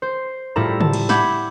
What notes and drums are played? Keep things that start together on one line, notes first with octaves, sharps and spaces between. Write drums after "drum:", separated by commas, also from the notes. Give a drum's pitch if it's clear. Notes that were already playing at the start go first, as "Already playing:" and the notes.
C5
A2 G3 E4 F4 A4 A#5
A5, drum: tom
drum: cymbal
E5 F#5 B5 D6 G6 G#6, drum: snare